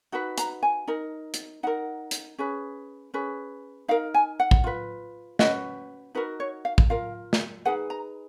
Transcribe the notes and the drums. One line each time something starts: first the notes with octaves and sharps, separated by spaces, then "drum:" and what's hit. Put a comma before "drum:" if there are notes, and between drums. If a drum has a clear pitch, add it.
D#4 F#4 B4
A#5, drum: hi-hat
G#5
D#4 A#4
drum: hi-hat
D#4 A#4 F#5
drum: hi-hat
C#4 G#4 B4
C#4 G#4 B4
D#4 A#4 F5
G#5
F#5
drum: kick
F4 B4
C#4 F#4 B4 D#5, drum: snare
D#4 F#4 A#4 B4
C#5
F5
drum: kick
F4 A#4 F5
drum: snare
D#4 G#4 B4 F#5
A#5